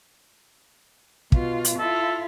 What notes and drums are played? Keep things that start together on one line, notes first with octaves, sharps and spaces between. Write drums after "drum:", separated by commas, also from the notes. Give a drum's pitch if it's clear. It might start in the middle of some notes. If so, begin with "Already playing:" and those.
B2 F4, drum: kick
drum: hi-hat
E4 F4 A4